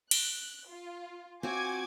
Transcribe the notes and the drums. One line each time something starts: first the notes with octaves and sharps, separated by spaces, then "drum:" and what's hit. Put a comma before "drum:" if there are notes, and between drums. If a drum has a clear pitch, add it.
F#6, drum: cymbal
F4
C4 F4 F#4 G#5 D6 G#6